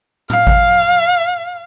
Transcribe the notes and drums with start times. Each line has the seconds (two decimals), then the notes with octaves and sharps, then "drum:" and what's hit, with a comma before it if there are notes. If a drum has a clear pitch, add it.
0.30 F5, drum: tom A2
0.47 drum: kick G#1